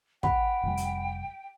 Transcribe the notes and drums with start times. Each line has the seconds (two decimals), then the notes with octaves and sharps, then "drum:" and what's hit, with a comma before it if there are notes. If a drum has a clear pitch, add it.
0.23 F#5 G5 B5, drum: kick
0.63 F1 G3
0.77 drum: hi-hat